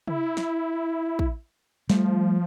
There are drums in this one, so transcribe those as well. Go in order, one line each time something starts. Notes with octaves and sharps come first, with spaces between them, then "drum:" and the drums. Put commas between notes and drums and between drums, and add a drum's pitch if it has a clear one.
E4, drum: tom
drum: snare
drum: kick
F3 G3 A3, drum: snare